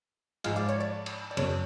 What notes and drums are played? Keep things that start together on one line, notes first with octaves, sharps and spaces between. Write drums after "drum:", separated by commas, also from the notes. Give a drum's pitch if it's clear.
G#2 F3 G#3 F5, drum: cymbal
D5
C#5
D5
drum: cymbal
D5
F#2 C#3 F#3 B3 C#5, drum: cymbal